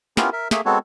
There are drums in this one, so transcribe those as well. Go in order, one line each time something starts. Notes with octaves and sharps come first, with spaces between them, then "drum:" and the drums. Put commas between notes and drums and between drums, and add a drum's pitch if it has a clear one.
B3 C#4 E4 F4 G4 A#4, drum: snare
A#4 E5
A3 A#3 G#4 E5, drum: snare
G#3 B3 C4 F#4 A4 C#5